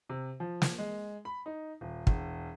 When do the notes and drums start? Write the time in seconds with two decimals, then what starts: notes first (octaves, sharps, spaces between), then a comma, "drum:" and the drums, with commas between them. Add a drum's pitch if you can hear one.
0.09 C3
0.40 F3
0.62 drum: snare
0.78 G#3
1.25 B5
1.46 D#4
1.81 D#1
2.07 E1, drum: kick